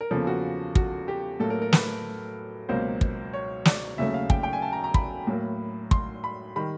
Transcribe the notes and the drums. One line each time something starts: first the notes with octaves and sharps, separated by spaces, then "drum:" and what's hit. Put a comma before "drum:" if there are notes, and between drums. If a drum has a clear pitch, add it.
A#4
E2 C#3 F3 A#3 A4
F#4
F#4, drum: kick
G4
A2 F#3 A#3 A4
A#4
A#4
B4, drum: snare
C#2 B2 F#3 A#3 C5
drum: kick
C#5
D5, drum: snare
D#2 C#3 F#3 A3 E5
F5
G5, drum: kick
G5
G#5
A5
A#5
A#5
B5, drum: kick
A2 F#3 A#3
C6, drum: kick
B5
D#3 G3 B5